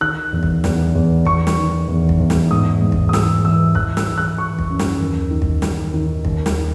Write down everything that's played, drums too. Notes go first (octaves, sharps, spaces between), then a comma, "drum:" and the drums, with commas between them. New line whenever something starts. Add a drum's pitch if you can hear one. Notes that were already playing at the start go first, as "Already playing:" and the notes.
D#3 F#6
E2
drum: kick
E2, drum: snare
E2
E2 C#6, drum: kick
drum: snare
D#3
E2
drum: kick
E2
drum: snare
G#2 D#6
G#2
drum: kick
D#6
E3 E6, drum: snare
E3 E6
E3 F#6, drum: kick
E6, drum: snare
E3
F#6
E3 C#6
drum: kick
F#2
drum: snare
D#2
D#3
drum: kick
D#2, drum: snare
D#3
D#2, drum: kick
drum: snare